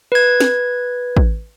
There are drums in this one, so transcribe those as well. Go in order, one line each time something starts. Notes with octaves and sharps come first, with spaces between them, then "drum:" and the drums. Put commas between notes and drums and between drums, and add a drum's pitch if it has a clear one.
B4 G#6
drum: snare
drum: kick